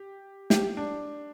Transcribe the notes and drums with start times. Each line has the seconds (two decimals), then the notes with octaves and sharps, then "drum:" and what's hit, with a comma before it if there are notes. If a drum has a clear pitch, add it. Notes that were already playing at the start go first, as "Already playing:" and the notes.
Already playing: G4
0.50 G4, drum: snare
0.77 D4